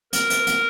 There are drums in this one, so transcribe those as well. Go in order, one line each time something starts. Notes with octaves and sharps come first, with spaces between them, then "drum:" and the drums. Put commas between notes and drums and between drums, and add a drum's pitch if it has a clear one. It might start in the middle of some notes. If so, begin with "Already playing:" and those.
A#4, drum: hi-hat
drum: hi-hat
drum: hi-hat